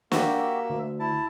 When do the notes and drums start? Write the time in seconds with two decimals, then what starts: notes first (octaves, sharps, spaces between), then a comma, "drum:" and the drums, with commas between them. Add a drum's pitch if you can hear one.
0.12 A#3 F#4 G4 E5, drum: snare
0.70 D2
1.00 E4 A5